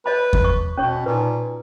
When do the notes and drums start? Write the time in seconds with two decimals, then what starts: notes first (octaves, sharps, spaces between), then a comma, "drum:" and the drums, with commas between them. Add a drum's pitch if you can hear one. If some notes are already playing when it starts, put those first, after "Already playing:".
0.06 B4 C#5 D#5 B5
0.33 drum: kick E2
0.44 C#6
0.77 B2 C#4 C#5 C#6
1.06 A#2 D#4 B4